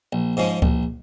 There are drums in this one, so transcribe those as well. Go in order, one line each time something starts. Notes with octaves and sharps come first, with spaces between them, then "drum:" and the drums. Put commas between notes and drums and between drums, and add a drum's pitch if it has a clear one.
A#1
G#2 F3 G#3 C#4
A#1, drum: kick C#2